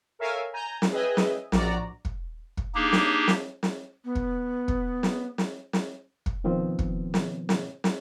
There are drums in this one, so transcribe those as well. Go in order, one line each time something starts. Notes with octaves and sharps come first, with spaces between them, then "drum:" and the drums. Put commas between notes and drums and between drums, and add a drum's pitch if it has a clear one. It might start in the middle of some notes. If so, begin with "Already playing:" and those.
A4 A#4 C#5 E5 F5 G#5
G#5 A#5 G6
drum: snare
G#4 B4 D#5 E5 G5 G#5
drum: snare
A#1 A2 F#4 D5 A#5, drum: snare
drum: kick
drum: kick
A#3 D4 D#4 G4 G#4
drum: snare
drum: snare
drum: snare
B3
drum: kick
drum: kick
drum: snare
drum: snare
drum: snare
drum: kick
B2 D#3 F3 B3 C4
drum: kick
drum: snare
drum: snare
drum: snare